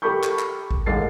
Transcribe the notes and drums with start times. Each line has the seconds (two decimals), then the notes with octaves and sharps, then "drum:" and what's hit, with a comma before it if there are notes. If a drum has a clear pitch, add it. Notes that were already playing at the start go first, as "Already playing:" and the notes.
0.02 G4 A4 A#4 B5 C#6 G6
0.23 drum: clap
0.39 drum: clap
0.71 drum: kick G#1
0.86 A1 D#2 G#3 A#3 A6 C7